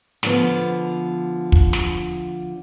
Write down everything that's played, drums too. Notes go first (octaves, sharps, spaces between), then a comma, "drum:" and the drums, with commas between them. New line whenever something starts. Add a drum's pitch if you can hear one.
D3 F3 B3, drum: snare
drum: kick
drum: snare